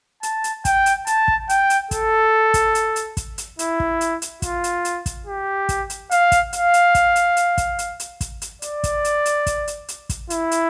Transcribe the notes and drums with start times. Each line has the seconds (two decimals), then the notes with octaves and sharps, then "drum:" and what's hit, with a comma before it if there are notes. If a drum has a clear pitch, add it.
0.23 A5, drum: hi-hat
0.44 drum: hi-hat
0.65 G5, drum: kick, hi-hat
0.86 drum: hi-hat
1.07 A5, drum: hi-hat
1.28 drum: kick
1.49 G5, drum: hi-hat
1.70 drum: hi-hat
1.91 A4, drum: kick, hi-hat
2.54 drum: kick, hi-hat
2.75 drum: hi-hat
2.96 drum: hi-hat
3.17 drum: kick, hi-hat
3.38 drum: hi-hat
3.59 E4, drum: hi-hat
3.80 drum: kick
4.01 drum: hi-hat
4.22 drum: hi-hat
4.42 F4, drum: kick, hi-hat
4.64 drum: hi-hat
4.85 drum: hi-hat
5.06 drum: kick, hi-hat
5.26 G4
5.69 drum: kick, hi-hat
5.90 drum: hi-hat
6.11 F5, drum: hi-hat
6.32 drum: kick, hi-hat
6.53 F5, drum: hi-hat
6.74 drum: hi-hat
6.95 drum: kick, hi-hat
7.16 drum: hi-hat
7.37 drum: hi-hat
7.58 drum: kick, hi-hat
7.79 drum: hi-hat
8.00 drum: hi-hat
8.21 drum: kick, hi-hat
8.42 drum: hi-hat
8.62 D5, drum: hi-hat
8.84 drum: kick, hi-hat
9.05 drum: hi-hat
9.26 drum: hi-hat
9.47 drum: kick, hi-hat
9.67 drum: hi-hat
9.88 drum: hi-hat
10.09 drum: kick, hi-hat
10.30 E4, drum: hi-hat
10.51 drum: hi-hat